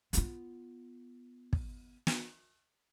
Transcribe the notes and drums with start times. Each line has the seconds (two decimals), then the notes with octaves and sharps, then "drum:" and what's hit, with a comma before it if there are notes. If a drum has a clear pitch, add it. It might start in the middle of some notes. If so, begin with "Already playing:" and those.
0.13 B3 F4, drum: hi-hat
1.53 drum: kick
2.07 drum: snare